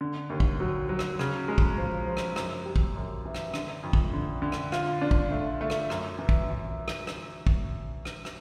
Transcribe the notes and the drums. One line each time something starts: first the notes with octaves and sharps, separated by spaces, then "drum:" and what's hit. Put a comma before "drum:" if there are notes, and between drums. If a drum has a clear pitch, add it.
D3
D#2
drum: kick
F#3
F#3
drum: rim click
C#3, drum: rim click
G#3
drum: kick
F3
F3
drum: rim click
F#2, drum: rim click
G3
drum: kick
F#2
E3
drum: rim click
D3, drum: rim click
F2
drum: kick
D3
D3
drum: rim click
F4, drum: rim click
D4
drum: kick
A3
A3
drum: rim click
F#2, drum: rim click
E3
drum: kick
E3
drum: rim click
drum: rim click
drum: kick
drum: rim click
drum: rim click